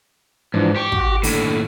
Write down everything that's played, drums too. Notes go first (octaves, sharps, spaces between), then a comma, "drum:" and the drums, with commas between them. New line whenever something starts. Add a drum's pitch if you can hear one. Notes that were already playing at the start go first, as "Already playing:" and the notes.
G#2 E3 F3 D4
G4 C#6
F#4, drum: kick
D#2 A2 D3, drum: open hi-hat